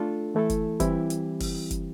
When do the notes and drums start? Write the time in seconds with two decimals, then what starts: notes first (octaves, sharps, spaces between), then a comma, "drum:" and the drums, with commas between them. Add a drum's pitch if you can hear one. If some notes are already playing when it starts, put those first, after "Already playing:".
Already playing: A3 D4 F4 A4
0.35 E3 A3 E4 A4
0.50 drum: kick, hi-hat
0.80 E3 G3 C4 E4 G4, drum: kick, hi-hat
1.10 drum: hi-hat
1.40 drum: kick, open hi-hat
1.71 drum: kick, hi-hat